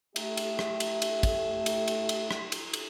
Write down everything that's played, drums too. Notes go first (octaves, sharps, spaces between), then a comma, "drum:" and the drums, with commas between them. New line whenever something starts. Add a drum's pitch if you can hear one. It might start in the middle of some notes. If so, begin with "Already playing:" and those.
A3 G4 E5, drum: cymbal
drum: cymbal
drum: rim click
drum: cymbal
drum: cymbal
drum: kick, cymbal
drum: cymbal
drum: cymbal
drum: cymbal
drum: rim click
drum: cymbal
drum: cymbal